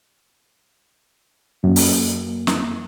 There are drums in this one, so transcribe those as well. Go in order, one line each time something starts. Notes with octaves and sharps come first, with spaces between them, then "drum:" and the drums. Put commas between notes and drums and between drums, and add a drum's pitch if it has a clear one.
F#2 A#3
drum: open hi-hat
drum: snare